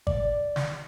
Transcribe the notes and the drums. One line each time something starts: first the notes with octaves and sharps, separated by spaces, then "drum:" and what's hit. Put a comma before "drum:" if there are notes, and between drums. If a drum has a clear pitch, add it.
D5, drum: kick
drum: snare